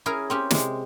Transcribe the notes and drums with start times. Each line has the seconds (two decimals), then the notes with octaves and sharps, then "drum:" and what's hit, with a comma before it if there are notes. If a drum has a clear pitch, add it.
0.06 C#4 E4 G#4 A#4
0.30 C4 C#4 G4
0.51 C3 G#3, drum: snare